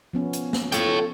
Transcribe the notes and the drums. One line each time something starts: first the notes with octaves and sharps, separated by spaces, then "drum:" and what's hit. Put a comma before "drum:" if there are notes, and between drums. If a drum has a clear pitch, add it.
F3 B3 C#4
drum: hi-hat
drum: snare
F4 A4 C5 C#5 G5, drum: hi-hat